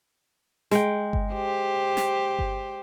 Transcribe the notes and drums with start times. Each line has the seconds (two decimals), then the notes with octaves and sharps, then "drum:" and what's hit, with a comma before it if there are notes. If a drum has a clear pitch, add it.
0.71 G#3 G5, drum: snare
1.13 drum: kick G1
1.33 G4 C5
1.97 drum: snare
2.39 drum: kick G1